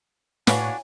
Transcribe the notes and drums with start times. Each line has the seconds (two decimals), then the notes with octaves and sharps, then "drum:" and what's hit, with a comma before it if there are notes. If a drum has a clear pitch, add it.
0.47 A2 D4 F#4 B4 C#5 F5 G#5, drum: snare